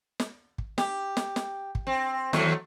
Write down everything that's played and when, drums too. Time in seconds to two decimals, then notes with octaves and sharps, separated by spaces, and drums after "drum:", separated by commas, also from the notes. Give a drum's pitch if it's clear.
0.20 drum: snare
0.58 drum: kick
0.78 G4, drum: snare
1.17 drum: snare
1.36 drum: snare
1.75 drum: kick
1.87 C4
2.33 D#2 F#3 A3, drum: snare